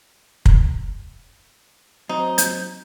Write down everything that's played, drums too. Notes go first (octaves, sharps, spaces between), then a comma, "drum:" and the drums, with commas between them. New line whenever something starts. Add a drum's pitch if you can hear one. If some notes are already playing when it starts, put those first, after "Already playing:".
drum: kick
F#3 C4 D#4
G6, drum: hi-hat